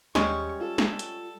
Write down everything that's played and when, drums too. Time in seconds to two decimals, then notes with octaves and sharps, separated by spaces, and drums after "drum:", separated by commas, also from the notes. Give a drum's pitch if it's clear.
0.15 D#2 G3 G#3 C#4 C#6, drum: snare
0.61 F4 A4
0.78 drum: snare
0.99 drum: hi-hat